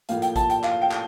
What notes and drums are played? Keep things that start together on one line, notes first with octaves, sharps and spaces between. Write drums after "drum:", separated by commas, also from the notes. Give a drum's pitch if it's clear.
A2 F3 A#3 F5, drum: hi-hat
G5, drum: hi-hat
A5, drum: kick A1, hi-hat
G5, drum: hi-hat
F5, drum: clap
G5
drum: clap